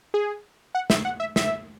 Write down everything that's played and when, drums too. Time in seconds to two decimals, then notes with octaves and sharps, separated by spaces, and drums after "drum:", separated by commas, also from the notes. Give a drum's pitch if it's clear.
0.14 G#4
0.75 F#5
0.90 E5, drum: snare
1.05 F#5
1.20 E5
1.36 E5, drum: snare